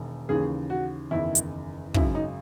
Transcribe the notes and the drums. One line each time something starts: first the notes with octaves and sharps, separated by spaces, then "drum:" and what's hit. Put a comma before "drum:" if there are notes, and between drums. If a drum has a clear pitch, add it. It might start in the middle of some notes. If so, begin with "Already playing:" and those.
Already playing: E1 E2 D#3
D#2 C#3 E3 G#4
F#4
F#1 E2 D#3 E4
drum: hi-hat
G#1 F#2 C#3 E4, drum: kick
D#4